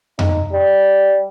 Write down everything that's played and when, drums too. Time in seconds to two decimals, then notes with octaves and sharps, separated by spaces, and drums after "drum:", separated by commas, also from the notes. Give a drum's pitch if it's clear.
0.19 D#4, drum: tom F2
0.52 G3